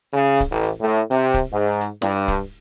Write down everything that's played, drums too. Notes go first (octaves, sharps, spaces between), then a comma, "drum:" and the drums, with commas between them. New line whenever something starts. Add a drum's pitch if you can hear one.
C#3
drum: kick C#1, hi-hat
A1
drum: hi-hat
A2
C3, drum: hi-hat
drum: kick C#1, hi-hat
G#2
drum: hi-hat
G2, drum: snare
drum: kick C#1, hi-hat